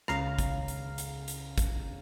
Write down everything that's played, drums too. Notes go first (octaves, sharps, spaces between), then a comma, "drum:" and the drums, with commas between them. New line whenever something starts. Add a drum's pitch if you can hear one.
C#2 C#3 F5 A#5, drum: rim click
drum: kick, hi-hat
drum: hi-hat
drum: hi-hat
drum: hi-hat
drum: kick, hi-hat